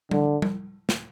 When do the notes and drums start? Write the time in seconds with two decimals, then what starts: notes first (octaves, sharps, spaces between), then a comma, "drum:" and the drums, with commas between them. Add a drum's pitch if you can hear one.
0.11 D3, drum: tom G3
0.42 drum: tom G3
0.89 drum: snare